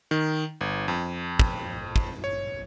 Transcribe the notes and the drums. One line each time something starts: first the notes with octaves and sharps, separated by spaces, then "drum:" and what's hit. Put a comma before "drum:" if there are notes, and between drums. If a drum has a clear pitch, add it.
D#3
G1
F2
drum: kick
drum: kick
C#5